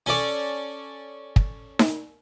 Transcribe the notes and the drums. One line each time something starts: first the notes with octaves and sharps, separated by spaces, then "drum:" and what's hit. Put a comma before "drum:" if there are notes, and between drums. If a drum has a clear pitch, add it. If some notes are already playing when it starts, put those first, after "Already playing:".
C#4 A4 D5
drum: kick
drum: snare D#4